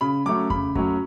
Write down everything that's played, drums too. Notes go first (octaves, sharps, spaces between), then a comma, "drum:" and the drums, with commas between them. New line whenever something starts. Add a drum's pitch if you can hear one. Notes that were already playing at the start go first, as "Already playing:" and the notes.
C#3 B5
F#3 A3 C#4 D6
C#3 B5, drum: kick F2
F#3 A3 C#4, drum: kick F2